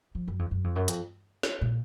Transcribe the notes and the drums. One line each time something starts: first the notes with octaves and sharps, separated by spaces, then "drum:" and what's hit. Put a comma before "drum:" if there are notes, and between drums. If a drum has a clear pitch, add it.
F3
F#2
F2
F#2
F2
F#2
F2, drum: hi-hat
drum: snare
A#2